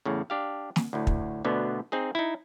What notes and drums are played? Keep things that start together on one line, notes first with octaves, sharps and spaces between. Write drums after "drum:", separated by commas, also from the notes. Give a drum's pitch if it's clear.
E2 A2 C#3
D4 G4 F5
drum: snare
D2 A2
drum: kick
D2 B2 D3 B3
C4 D#4 G#4
D#4 E4